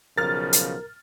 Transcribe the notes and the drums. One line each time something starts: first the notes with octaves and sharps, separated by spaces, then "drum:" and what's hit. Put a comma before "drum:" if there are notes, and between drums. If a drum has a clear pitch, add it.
B1 C#3 F3 A#4 F6 A6
drum: hi-hat